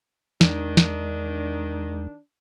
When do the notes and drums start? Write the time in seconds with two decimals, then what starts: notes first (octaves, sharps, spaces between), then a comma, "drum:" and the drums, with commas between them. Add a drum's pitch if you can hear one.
0.41 E2 D#3 G#3 D4, drum: snare
0.77 drum: snare